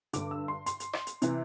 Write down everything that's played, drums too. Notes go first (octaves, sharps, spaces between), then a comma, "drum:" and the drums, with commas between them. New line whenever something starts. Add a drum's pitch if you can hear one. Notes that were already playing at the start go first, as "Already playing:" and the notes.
G2 D3 D6, drum: hi-hat
E6
C6
C6, drum: hi-hat
drum: hi-hat
drum: rim click
drum: hi-hat
C3 E3, drum: hi-hat